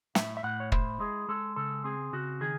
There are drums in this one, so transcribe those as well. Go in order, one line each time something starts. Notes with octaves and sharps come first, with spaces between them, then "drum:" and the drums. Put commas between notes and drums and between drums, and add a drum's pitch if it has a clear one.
A2 E5, drum: snare
E5
A2 F#5
C#5
E4 C5, drum: kick
G#3 G#4
G#3 A4
C#3 A4
C4 G#4
C#3 F#4
D#3 G#4